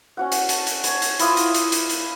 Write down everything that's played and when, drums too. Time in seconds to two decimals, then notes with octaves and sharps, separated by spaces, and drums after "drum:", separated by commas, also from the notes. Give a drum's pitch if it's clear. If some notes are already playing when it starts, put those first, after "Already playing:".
0.17 C#4 F#4 F#5
0.32 drum: hi-hat
0.49 A5, drum: hi-hat
0.67 drum: hi-hat
0.84 C#5 A5, drum: hi-hat
1.02 drum: hi-hat
1.19 E4 F4 D6 D#6, drum: hi-hat
1.37 drum: hi-hat
1.55 drum: hi-hat
1.72 drum: hi-hat
1.90 drum: hi-hat